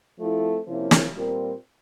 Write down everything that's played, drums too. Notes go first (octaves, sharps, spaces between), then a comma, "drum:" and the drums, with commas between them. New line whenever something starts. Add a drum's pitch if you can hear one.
F3 A3 C4 E4 A4
C3 F3 A#3 C#4 E4
drum: snare
A#2 G3 C4 F4 A#4